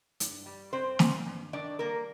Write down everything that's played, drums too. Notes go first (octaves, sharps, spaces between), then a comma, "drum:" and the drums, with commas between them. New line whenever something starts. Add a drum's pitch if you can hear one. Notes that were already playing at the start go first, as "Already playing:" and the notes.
G2, drum: hi-hat
G3
G2 C4 C5
D#3, drum: snare
G2
D#3 D4 D5
G3 A#3 A#4